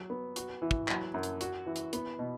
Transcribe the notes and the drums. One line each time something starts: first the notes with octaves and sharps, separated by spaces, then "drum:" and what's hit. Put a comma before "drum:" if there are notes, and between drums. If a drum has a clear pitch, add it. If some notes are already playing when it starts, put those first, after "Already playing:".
Already playing: F#3
B3
F#4, drum: hi-hat
E3
drum: kick
F#3, drum: clap
F#2
drum: hi-hat
F#4, drum: hi-hat
E3
drum: hi-hat
B3, drum: hi-hat
B2